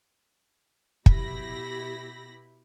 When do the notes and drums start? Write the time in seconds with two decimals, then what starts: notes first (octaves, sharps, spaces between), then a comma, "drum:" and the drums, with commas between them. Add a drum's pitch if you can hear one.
1.06 B2 E4 G4 B5 A#6, drum: kick